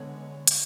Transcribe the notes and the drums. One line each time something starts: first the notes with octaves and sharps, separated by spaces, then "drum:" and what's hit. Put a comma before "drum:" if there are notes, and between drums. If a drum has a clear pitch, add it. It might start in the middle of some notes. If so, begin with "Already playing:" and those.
Already playing: D3 G#3 B3 C#5
drum: hi-hat